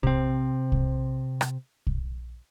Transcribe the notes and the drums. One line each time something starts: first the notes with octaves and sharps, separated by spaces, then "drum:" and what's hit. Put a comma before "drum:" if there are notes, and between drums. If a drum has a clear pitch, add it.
C3 C4, drum: kick
drum: kick
drum: rim click
drum: kick